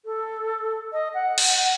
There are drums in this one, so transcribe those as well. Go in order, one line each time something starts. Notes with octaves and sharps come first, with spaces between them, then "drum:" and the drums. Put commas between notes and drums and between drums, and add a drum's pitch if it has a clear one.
A4
D#5
F#5
drum: cymbal